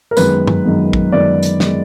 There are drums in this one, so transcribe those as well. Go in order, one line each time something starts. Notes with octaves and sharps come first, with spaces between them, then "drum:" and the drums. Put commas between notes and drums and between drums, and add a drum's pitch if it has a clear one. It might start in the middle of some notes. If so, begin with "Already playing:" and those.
A#4
F#2 D#3 G#3 B3 B4, drum: tambourine
drum: tom G2
F#2 D#3 G#3 B3
drum: kick
F#2 D#3 G#3 B3 D5
drum: hi-hat
D#3 G#3 B3, drum: snare